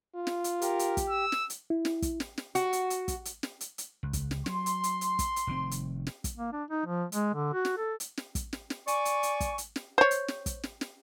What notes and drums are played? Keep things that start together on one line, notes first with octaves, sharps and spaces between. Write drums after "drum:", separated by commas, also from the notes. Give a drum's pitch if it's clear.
F4
drum: snare
drum: hi-hat
G4 A#4, drum: hi-hat
drum: hi-hat
drum: kick, hi-hat
E6
drum: snare
drum: hi-hat
E4
drum: snare
drum: kick, hi-hat
drum: snare
drum: snare
F#4, drum: hi-hat
drum: hi-hat
drum: hi-hat
drum: kick, hi-hat
drum: hi-hat
drum: snare
drum: hi-hat
drum: hi-hat
C#2
drum: kick, hi-hat
drum: snare
F#3 C6, drum: snare
drum: hi-hat
drum: hi-hat
drum: hi-hat
drum: kick, hi-hat
drum: hi-hat
F1 D#3 C4
drum: hi-hat
drum: snare
drum: kick, hi-hat
A#3
D4
D#4
F3
G#3, drum: hi-hat
D3
F#4
drum: snare
A4
drum: hi-hat
drum: snare
drum: kick, hi-hat
drum: snare
drum: snare
D5 G#5 C#6, drum: hi-hat
drum: hi-hat
drum: hi-hat
drum: kick, hi-hat
drum: hi-hat
drum: snare
C5 C#5
drum: hi-hat
drum: snare
drum: kick, hi-hat
drum: snare
drum: snare